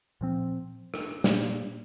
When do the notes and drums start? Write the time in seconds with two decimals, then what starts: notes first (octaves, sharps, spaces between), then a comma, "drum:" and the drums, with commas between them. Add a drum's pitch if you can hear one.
0.21 A#2 F3 C4
0.94 drum: rim click
1.24 A#2 G3 A#3, drum: snare